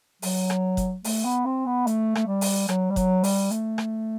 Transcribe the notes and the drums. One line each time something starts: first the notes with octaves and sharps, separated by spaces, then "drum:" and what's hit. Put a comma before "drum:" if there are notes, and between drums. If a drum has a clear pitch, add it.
F#3, drum: open hi-hat
drum: rim click
drum: kick F#1, hi-hat
A3, drum: open hi-hat
B3
C4
B3
A3, drum: hi-hat
A3, drum: rim click
G3
drum: open hi-hat
F#3, drum: rim click
G3
F#3, drum: kick F#1, hi-hat
G3, drum: open hi-hat
A3, drum: hi-hat
drum: rim click